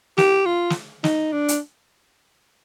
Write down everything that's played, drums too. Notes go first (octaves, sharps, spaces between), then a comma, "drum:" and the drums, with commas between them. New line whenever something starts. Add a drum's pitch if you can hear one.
G4, drum: snare
F4
drum: snare
D#4, drum: snare
D4
drum: hi-hat